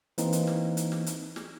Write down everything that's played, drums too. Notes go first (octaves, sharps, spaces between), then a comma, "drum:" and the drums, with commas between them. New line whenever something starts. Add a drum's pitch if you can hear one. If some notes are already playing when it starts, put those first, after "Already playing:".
E3 A#3 C4 D#4, drum: hi-hat
drum: hi-hat
drum: snare
drum: hi-hat
drum: snare
drum: hi-hat
drum: snare